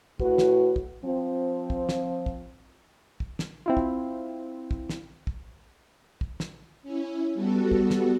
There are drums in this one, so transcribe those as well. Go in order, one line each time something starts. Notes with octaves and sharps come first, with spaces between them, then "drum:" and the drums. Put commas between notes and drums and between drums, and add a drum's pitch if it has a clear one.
A2 F#4 B4, drum: kick
drum: snare
drum: kick
F3 C4
drum: kick
drum: snare
drum: kick
drum: kick
drum: snare
C4 E4 F4
drum: kick
drum: kick
drum: snare
drum: kick
drum: kick
drum: snare
C#4 E4
G3 B3 F#4 A4
drum: kick
drum: snare